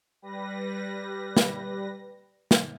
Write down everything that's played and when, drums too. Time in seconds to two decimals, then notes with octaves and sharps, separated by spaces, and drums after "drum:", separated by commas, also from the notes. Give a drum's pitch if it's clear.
0.22 G3 B4 A#6
1.37 drum: snare
2.51 drum: snare